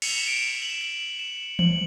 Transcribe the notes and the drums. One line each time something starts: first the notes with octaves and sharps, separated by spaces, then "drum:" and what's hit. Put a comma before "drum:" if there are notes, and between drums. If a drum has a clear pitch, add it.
C#7, drum: cymbal
E7
D7
E7
F#7
E7
F#7
E7
F#7, drum: tom E3